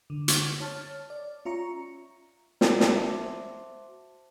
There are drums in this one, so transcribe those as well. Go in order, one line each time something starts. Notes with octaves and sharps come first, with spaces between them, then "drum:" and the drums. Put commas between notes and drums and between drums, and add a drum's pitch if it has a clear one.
D3
drum: hi-hat
C#5 A5 F6 A6
D5
C#4 F4 E5 A#5 C#6 C#7
drum: snare
drum: snare
F#4 C5 E5 A5 D6